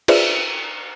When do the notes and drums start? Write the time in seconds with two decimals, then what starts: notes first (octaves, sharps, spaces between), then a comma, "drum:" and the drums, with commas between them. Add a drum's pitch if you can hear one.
0.08 F4 G#4 B4 C5 D5 E5, drum: cymbal